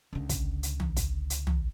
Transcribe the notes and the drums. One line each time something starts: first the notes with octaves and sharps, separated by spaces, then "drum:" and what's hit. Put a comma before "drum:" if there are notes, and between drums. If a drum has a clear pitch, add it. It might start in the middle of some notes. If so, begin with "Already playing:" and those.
C#2 D3
drum: kick, hi-hat
drum: hi-hat
drum: tom
drum: kick, hi-hat
drum: hi-hat
drum: tom